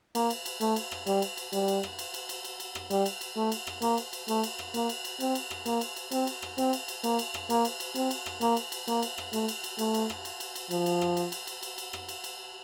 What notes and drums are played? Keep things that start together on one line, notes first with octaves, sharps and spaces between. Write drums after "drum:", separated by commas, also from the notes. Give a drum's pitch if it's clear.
A#3, drum: cymbal
drum: cymbal
drum: cymbal
A3, drum: cymbal
drum: cymbal
drum: rim click
G3, drum: cymbal
drum: cymbal
drum: cymbal
G3, drum: cymbal
drum: cymbal
drum: rim click
drum: cymbal
drum: cymbal
drum: cymbal
drum: cymbal
drum: cymbal
drum: rim click
G3, drum: cymbal
drum: cymbal
drum: cymbal
A3
drum: cymbal
drum: rim click
A#3, drum: cymbal
drum: cymbal
drum: cymbal
A3, drum: cymbal
drum: cymbal
drum: rim click
A#3, drum: cymbal
drum: cymbal
drum: cymbal
C4, drum: cymbal
drum: cymbal
drum: rim click
A#3, drum: cymbal
drum: cymbal
drum: cymbal
C4, drum: cymbal
drum: cymbal
drum: rim click
C4, drum: cymbal
drum: cymbal
drum: cymbal
A#3, drum: cymbal
drum: cymbal
drum: rim click
A#3, drum: cymbal
drum: cymbal
drum: cymbal
C4, drum: cymbal
drum: cymbal
drum: rim click
A#3, drum: cymbal
drum: cymbal
drum: cymbal
A#3, drum: cymbal
drum: cymbal
drum: rim click
A3, drum: cymbal
drum: cymbal
drum: cymbal
A3, drum: cymbal
drum: cymbal
drum: rim click
drum: cymbal
drum: cymbal
drum: cymbal
F3, drum: cymbal
drum: cymbal
drum: rim click
drum: cymbal
drum: cymbal
drum: cymbal
drum: cymbal
drum: cymbal
drum: rim click
drum: cymbal
drum: cymbal